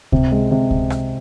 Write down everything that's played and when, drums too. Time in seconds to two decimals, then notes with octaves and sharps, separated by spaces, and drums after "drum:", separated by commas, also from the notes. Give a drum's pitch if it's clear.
0.12 C3, drum: kick C#2
0.32 G#3
0.51 C3
0.71 drum: kick C#2
0.90 drum: rim click